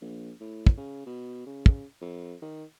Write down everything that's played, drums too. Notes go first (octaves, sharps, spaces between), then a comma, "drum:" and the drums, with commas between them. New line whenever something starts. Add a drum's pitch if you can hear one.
A#1
A2
drum: kick
C#3
B2
C#3
drum: kick
F2
D#3